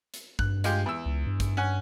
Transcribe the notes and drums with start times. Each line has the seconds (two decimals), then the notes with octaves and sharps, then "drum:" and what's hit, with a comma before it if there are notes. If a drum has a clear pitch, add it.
0.14 drum: hi-hat
0.39 G2 F#6, drum: kick
0.64 G#3 F4 G4, drum: hi-hat
0.86 E2 E6
1.06 C#2
1.27 G2
1.40 drum: kick, hi-hat
1.57 C#4 F#5